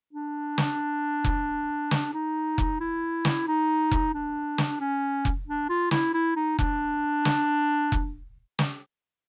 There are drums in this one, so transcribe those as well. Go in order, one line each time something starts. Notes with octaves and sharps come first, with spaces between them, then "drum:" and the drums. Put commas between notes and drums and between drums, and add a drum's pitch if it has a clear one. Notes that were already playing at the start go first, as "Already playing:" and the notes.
D4
drum: snare
drum: kick F1
drum: snare
D#4
drum: kick F1
E4
drum: snare
D#4
drum: kick F1
D4
drum: snare
C#4
drum: kick F1
D4
F4
E4, drum: snare
E4
D#4
D4, drum: kick F1
drum: snare
drum: kick F1
drum: snare